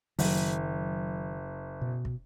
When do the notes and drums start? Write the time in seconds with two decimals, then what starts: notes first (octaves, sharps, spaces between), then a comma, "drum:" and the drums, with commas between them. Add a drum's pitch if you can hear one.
0.19 F#1 D#3 F#3, drum: open hi-hat
1.81 B2
2.05 drum: kick